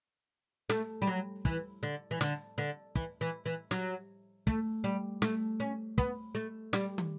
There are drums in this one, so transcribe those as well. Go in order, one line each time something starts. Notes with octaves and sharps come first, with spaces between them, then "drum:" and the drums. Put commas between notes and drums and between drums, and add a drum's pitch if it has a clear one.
A3, drum: snare
G3
F#3
E3, drum: kick
D3
E3
D3, drum: snare
D3
E3, drum: kick
E3
E3
F#3, drum: snare
A3, drum: kick
G3
A3, drum: snare
C#4
B3, drum: kick
A3
G3, drum: snare
drum: tom